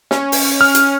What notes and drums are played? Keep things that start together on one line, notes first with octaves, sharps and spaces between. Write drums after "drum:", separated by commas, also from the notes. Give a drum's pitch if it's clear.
C#4, drum: snare
drum: open hi-hat
F6
drum: hi-hat